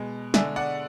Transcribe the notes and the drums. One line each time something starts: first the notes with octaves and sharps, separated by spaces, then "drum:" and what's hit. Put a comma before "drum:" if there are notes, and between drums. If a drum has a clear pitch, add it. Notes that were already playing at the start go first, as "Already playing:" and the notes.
Already playing: B2 G#3
D3 E5 G#5, drum: snare
D5 F#5